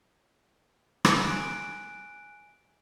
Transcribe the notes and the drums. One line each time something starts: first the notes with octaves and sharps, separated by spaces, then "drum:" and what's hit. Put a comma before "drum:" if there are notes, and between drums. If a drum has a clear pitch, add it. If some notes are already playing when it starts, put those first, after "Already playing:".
drum: rim click
G#5 F#6 D7